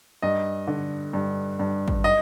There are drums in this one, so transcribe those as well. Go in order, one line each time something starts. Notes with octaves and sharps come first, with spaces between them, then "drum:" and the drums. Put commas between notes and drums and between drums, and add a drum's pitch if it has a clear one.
G2 D#5
D3
G2
G2
drum: kick
D#5